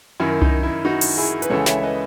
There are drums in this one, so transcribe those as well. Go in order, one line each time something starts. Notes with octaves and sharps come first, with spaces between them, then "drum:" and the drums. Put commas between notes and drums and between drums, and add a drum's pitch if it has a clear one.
F#2 D#3 E4
D#4, drum: tom C2
E4
D#4 F#4
drum: open hi-hat
E4 G#4
B4, drum: hi-hat
C#2 C#3 E3 A4 C#5
C#5 E5, drum: snare
B4 D#5